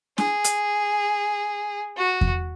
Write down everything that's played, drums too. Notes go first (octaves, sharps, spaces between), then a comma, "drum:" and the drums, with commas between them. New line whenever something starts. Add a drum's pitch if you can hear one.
G#4, drum: snare
drum: hi-hat
F#4
drum: kick E2